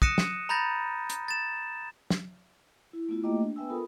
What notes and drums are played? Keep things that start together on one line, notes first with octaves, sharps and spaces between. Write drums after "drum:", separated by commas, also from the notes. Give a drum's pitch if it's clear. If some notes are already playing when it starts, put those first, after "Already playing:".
D#6 F#6 A#6 C#7 D#7 E7, drum: kick
drum: snare
A#5 B5 G6 A6 A#6
drum: hi-hat
A6 E7
drum: snare
E4
A3 B3 E4 F4
A3 A#3 G4 D#5 G5 D6
D4
B3 B4 E5 G5 G#5 E6
F4 A4 A#4 B5 D#6